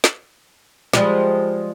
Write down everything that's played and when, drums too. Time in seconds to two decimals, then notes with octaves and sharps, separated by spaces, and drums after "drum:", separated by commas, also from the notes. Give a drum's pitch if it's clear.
0.04 drum: snare
0.93 F3 G3 G#3, drum: snare